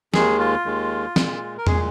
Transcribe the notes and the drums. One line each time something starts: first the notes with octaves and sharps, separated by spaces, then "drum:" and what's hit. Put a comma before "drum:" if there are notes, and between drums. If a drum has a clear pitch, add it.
D#2 D#3 G#3 G#4, drum: snare
F4
D#2 D#3 G#3
A#2 G#3, drum: snare
A#4
A#2 G#3 G#4, drum: tom E2